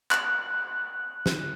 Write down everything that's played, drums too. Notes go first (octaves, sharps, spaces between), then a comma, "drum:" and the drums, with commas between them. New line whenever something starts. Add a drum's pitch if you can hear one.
F#6, drum: clap
drum: snare